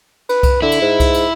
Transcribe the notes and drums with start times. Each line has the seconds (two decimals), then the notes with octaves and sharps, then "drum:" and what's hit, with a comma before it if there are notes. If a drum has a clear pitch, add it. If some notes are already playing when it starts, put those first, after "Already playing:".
0.29 B4, drum: cymbal
0.43 drum: kick C2, cymbal
0.62 D3 E4
0.72 drum: cymbal
0.82 G#2
1.00 drum: kick C2, cymbal
1.14 drum: cymbal